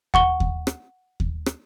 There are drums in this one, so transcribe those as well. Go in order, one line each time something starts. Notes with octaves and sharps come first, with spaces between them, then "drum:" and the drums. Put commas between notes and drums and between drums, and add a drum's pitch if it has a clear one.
F#5 C#6 G7, drum: kick D#2
drum: kick D#2
drum: rim click
drum: kick D#2
drum: rim click